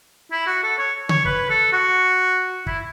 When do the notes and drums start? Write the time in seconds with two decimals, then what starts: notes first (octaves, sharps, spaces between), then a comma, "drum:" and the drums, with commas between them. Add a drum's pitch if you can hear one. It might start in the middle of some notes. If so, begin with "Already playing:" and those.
0.32 E4
0.47 F#4
0.63 A4
0.78 C#5
1.09 C#5, drum: tom C#3
1.25 B4, drum: kick
1.50 A4
1.73 F#4
2.66 E4, drum: kick